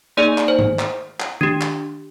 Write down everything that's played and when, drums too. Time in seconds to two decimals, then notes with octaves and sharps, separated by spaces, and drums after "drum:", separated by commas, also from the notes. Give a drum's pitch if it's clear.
0.17 A#3 D#4 G#4 D5
0.38 drum: clap
0.48 C5
0.59 drum: tom G#2
0.79 drum: clap
1.20 drum: clap
1.41 D4 G4, drum: tom D#3
1.61 drum: clap